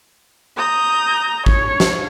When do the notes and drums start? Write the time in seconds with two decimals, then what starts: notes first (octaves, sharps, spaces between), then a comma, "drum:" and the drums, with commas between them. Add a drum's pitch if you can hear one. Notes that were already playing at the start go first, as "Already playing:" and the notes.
0.56 A#5 D#6 G6
1.46 C#5, drum: kick
1.80 drum: snare